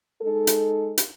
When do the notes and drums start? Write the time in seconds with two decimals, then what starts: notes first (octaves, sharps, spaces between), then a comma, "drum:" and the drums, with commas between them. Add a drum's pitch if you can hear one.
0.22 G#3 D#4 A4
0.47 drum: hi-hat
0.98 drum: hi-hat